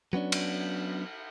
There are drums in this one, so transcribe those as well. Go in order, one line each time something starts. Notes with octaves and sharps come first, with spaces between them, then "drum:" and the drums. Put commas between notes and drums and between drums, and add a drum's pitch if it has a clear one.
F#3 B3 C#4 D4
drum: cymbal